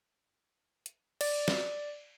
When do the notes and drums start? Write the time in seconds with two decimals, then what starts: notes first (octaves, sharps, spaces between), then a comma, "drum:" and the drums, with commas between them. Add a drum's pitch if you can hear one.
0.86 drum: hi-hat
1.21 D5, drum: cymbal
1.48 drum: snare